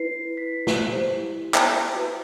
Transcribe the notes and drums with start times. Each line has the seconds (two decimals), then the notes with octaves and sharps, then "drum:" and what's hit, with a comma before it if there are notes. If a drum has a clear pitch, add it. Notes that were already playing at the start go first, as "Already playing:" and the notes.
Already playing: E4 B4 C7
0.37 B6
0.67 drum: snare
0.90 E4 G4 C5
1.54 drum: clap
1.95 F#4 B4